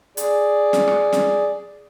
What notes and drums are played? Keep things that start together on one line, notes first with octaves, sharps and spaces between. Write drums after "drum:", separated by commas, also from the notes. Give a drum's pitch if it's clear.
G#4 D5, drum: hi-hat
drum: snare
drum: rim click
drum: snare